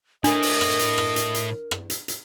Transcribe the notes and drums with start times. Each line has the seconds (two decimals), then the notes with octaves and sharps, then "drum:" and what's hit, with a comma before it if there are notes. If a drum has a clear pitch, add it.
0.24 A2 A3 D4 A#4 D#5, drum: hi-hat
0.42 drum: open hi-hat
0.61 drum: rim click
0.79 drum: hi-hat
0.98 drum: rim click
1.16 drum: hi-hat
1.34 drum: hi-hat
1.71 drum: rim click
1.90 drum: hi-hat
2.08 drum: hi-hat